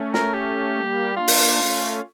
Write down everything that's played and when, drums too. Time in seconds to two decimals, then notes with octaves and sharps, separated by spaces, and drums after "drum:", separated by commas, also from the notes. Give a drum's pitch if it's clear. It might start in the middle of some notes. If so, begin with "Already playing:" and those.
Already playing: A3 C#4
0.14 A#4, drum: snare
0.34 G4
0.75 G3 A#3
1.16 A#3 D4 F4
1.28 drum: open hi-hat
1.58 A3 C#4